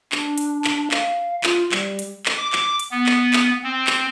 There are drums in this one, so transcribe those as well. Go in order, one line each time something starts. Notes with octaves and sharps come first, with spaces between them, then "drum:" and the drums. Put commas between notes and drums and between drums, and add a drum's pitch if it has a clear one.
D4, drum: clap
drum: hi-hat
drum: clap
F5, drum: clap
F4, drum: clap
G3, drum: clap
drum: hi-hat
drum: clap
D6
drum: clap
drum: hi-hat
B3
drum: clap
drum: clap
C4
drum: clap